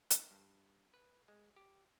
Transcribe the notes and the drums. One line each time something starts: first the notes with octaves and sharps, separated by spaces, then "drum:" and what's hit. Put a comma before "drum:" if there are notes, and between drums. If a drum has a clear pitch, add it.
D#3, drum: hi-hat
G2
B4
G#3
G4